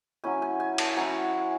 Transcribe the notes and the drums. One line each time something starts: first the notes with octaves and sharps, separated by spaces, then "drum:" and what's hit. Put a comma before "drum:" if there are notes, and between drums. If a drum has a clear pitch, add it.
F#3 C#4 E4 G#5
G#5
G#5
A5, drum: cymbal
F#3 C#4 E4 G#5